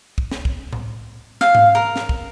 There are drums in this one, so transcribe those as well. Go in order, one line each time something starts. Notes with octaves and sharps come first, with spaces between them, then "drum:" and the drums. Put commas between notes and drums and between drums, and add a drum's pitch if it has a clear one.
drum: kick
drum: snare
drum: kick
drum: tom A2
F5, drum: snare
drum: tom G#2
A#4
drum: snare
drum: kick